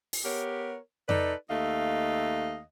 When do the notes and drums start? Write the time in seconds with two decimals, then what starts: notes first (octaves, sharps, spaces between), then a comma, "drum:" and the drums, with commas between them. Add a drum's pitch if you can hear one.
0.13 drum: open hi-hat
0.24 B3 G4 A#4 C#5
1.09 D#4 A4 B4 D5, drum: tom F2
1.50 D#2 A3 D#5 F5